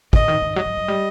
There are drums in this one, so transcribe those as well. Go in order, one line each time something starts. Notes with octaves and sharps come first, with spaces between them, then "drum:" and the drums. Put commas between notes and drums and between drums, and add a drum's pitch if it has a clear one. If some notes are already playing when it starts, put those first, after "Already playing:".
D3 D#5, drum: kick
D#3
D#3
F#3 D#5
F#3
F#3
G3